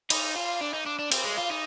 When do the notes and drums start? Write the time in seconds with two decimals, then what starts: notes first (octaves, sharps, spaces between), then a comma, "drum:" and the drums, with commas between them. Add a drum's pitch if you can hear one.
0.10 D#4, drum: cymbal
0.36 F4
0.61 D4
0.74 D#4
0.86 D4
0.99 D4
1.12 C4, drum: cymbal
1.24 G#3
1.37 F4
1.49 D#4